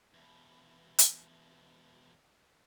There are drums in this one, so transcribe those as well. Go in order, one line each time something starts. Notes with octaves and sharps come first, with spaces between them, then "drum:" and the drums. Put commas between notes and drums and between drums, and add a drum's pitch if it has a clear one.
E2 B2
drum: hi-hat